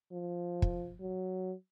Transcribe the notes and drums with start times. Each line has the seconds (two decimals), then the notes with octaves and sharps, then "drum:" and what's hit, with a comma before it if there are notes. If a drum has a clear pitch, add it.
0.12 F3
0.62 drum: kick
1.01 F#3